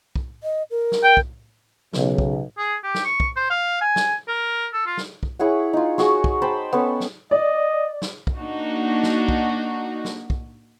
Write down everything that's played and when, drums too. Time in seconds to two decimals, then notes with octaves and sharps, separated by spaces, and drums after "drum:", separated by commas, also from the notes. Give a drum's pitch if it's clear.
0.16 drum: kick
0.43 D#5
0.70 A#4
0.92 drum: snare
1.03 G5
1.17 drum: kick
1.93 B1 C#3, drum: snare
2.18 drum: kick
2.58 G#4
2.83 G4
2.94 drum: snare
3.05 C#6
3.20 drum: kick
3.36 C5
3.50 F5
3.81 G#5
3.96 drum: snare
4.28 A#4
4.73 A4
4.86 F4
4.97 drum: snare
5.23 drum: kick
5.39 E4 G#4 C#5 F#5
5.73 D#4 F4
5.98 F#4 G#4 C#6, drum: snare
6.24 drum: kick
6.42 C5 G5 A5 B5
6.73 B3 C#4 A4
7.00 drum: snare
7.31 D5 D#5
8.02 drum: snare
8.27 drum: kick
8.37 A#3 D4 D#4 F#4
9.03 drum: snare
9.28 drum: kick
10.05 drum: snare
10.30 drum: kick